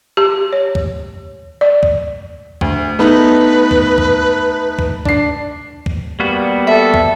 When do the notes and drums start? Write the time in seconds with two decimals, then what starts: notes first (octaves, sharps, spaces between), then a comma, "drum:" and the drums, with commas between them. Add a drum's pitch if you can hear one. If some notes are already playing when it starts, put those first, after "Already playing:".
0.17 G4
0.53 C#5
0.75 drum: kick
1.61 D5
1.83 drum: kick
2.61 D2, drum: kick
2.99 A3 B3 D#4 B4
3.71 drum: kick
3.98 drum: kick
4.79 drum: kick
5.05 D4 C7, drum: kick
5.86 drum: kick
6.20 G3 A#3 B3 F#4
6.67 A4 E5
6.94 drum: kick